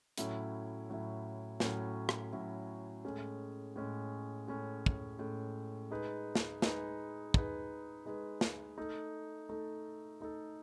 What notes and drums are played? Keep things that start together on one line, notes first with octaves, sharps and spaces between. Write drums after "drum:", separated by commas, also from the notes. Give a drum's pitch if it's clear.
A2 F#3 C#4 E4, drum: hi-hat
A2 F#3 C#4 E4
A2 F#3 C#4 E4, drum: snare
drum: rim click
A2 F#3 C#4 E4
A2 G#3 C#4
A2 G#3 C#4
A2 G#3 C#4
drum: kick
A2 G#3 C#4
G#3 D#4 G#4 B4
drum: snare
G#3 D#4 G#4 B4, drum: snare
G#3 D#4 G#4 B4, drum: kick
G#3 D#4 G#4 B4
drum: snare
A3 D#4 A4
A3 D#4 A4
A3 D#4 A4